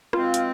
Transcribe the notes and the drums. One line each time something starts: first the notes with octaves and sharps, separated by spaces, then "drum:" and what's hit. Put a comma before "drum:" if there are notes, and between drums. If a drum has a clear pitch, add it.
B2 G#3 C4 D#4 F4, drum: rim click
drum: hi-hat